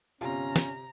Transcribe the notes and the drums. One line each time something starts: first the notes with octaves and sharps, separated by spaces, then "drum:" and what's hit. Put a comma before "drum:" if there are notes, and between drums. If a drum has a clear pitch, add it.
G1 C3 C#4 F4 A#5
drum: snare